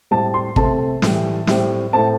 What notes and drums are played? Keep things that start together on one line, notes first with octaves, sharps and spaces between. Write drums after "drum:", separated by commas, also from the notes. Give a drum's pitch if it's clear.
A2 G3 C4 A5
C6
C3 A3 C4 A5, drum: kick
A2 E3 G3, drum: snare
A2 G3 C4, drum: snare
A2 A3 C4 A5